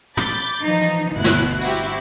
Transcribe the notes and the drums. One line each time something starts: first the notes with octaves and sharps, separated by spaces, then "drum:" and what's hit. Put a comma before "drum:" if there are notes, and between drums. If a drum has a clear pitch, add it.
B5 D6 G6 A6, drum: tom
E3 F3 D#4
drum: hi-hat
G1 D2 B2 E4 F#6
drum: snare
C4 E4 F#4 G4, drum: tambourine